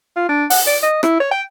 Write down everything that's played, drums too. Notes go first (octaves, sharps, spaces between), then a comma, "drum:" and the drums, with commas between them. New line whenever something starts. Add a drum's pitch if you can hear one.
F4
D4
F#5, drum: open hi-hat
D5
D#5
E4, drum: rim click
C#5
G5